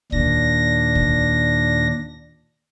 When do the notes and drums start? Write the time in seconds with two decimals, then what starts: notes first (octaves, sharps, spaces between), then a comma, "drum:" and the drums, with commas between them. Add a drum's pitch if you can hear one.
0.12 D#2 A#2 D4 A#6, drum: kick C#2
0.95 drum: kick C#2